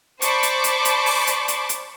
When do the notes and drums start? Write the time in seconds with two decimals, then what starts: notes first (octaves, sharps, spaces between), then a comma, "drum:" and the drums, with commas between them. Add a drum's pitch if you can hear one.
0.22 C5 D5 A5 B5 C#6 D6, drum: hi-hat
0.43 drum: hi-hat
0.64 drum: hi-hat
0.85 drum: hi-hat
1.06 drum: open hi-hat
1.27 drum: hi-hat
1.48 drum: hi-hat
1.69 drum: hi-hat